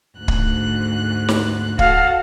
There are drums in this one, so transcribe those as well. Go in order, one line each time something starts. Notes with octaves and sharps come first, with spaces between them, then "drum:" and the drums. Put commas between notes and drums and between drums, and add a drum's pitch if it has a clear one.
D2 G#2 F#6
drum: kick
drum: snare
F#4 A4 F5 F#5, drum: kick